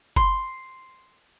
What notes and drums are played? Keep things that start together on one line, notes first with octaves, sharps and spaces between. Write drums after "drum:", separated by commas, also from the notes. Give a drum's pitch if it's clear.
C6, drum: kick F#1